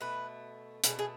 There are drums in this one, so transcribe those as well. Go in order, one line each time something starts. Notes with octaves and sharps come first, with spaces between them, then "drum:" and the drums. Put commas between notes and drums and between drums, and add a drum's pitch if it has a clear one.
B2 A3 B4
B2 A3 G#4, drum: hi-hat
G#4